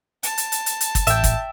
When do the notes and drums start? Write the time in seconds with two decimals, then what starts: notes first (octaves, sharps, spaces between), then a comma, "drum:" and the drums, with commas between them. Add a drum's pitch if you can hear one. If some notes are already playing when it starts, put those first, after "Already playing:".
0.23 A5, drum: hi-hat
0.38 drum: hi-hat
0.52 drum: hi-hat
0.66 drum: hi-hat
0.81 drum: hi-hat
0.95 drum: kick, hi-hat
1.07 A1 E5 G5, drum: hi-hat
1.24 drum: kick, hi-hat